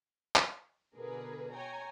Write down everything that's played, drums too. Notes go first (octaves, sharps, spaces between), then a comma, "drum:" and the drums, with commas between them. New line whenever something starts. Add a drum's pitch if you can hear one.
drum: clap
B2 D3 G#4 A#4 B4
C#5 G5 G#5 A#5